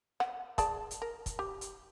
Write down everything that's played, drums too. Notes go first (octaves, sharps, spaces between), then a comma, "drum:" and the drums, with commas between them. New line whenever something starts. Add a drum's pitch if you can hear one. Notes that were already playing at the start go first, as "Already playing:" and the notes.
F#5, drum: rim click
G#4 D5 A5, drum: kick, hi-hat
drum: hi-hat
A#4
drum: kick, hi-hat
G4
drum: hi-hat